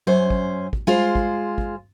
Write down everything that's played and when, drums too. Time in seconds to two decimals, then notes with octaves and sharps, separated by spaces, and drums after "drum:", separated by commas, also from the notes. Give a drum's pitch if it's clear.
0.07 F#2 C#4 C5
0.30 drum: kick
0.73 drum: kick
0.87 G#3 F4 C5
1.15 drum: kick
1.58 drum: kick